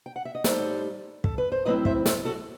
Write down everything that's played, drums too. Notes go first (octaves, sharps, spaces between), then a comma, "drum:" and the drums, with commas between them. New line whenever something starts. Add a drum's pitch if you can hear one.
G5
F#5
E5
D#5
A2 G3 D#4 A4 C5, drum: snare
A4, drum: kick
B4
C5
A2 F#3 C4 E4 B4 D#5
C5 E5, drum: kick
A4 C5, drum: snare
F#4 A4